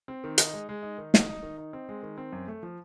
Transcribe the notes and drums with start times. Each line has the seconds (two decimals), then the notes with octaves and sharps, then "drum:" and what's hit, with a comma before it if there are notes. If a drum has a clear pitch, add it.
0.08 C4
0.24 D#3
0.38 D#4, drum: hi-hat
0.53 G#3
0.69 G#3
0.83 D#4
0.98 D#3
1.14 D#4, drum: snare
1.29 D#4
1.43 D#3
1.58 D#4
1.73 C4
1.89 G#3
2.03 D#3
2.18 C4
2.33 F#2
2.48 A3
2.63 F3